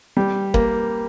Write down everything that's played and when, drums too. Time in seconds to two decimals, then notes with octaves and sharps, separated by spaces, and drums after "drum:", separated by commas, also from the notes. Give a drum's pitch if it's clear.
0.17 G3
0.54 A#3, drum: kick